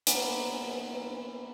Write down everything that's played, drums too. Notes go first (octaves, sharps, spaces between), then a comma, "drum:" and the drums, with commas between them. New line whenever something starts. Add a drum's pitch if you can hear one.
A#3 B3, drum: hi-hat